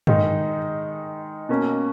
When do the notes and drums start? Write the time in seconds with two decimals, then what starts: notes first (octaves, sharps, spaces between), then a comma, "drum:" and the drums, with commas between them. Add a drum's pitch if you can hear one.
0.07 D#3 G#3 D#4, drum: tom G2
1.49 B2 A#3 C#4